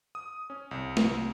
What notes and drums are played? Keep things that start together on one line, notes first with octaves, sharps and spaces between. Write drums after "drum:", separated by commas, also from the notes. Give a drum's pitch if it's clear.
D#6
C#4
C2
drum: snare